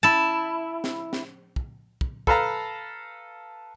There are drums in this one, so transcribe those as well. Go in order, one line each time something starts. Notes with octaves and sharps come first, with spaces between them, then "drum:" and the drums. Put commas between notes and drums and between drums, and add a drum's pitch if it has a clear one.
E4 A5
drum: snare
drum: snare
drum: kick
drum: kick
A4 B4 F5 A5 A#5, drum: kick